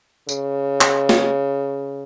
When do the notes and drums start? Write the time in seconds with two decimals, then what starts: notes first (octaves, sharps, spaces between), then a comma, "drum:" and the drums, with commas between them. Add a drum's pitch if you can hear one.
0.29 C#3, drum: tambourine
0.81 drum: clap
1.09 drum: snare